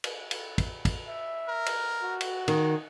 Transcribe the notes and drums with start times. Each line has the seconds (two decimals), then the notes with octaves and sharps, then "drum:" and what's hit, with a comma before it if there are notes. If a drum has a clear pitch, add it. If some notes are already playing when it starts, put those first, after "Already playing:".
0.04 drum: cymbal
0.31 drum: cymbal
0.58 drum: kick, cymbal
0.85 drum: kick, cymbal
1.08 E5
1.48 A#4
1.66 drum: cymbal
2.02 F#4
2.21 drum: cymbal
2.48 D#3 G#4, drum: cymbal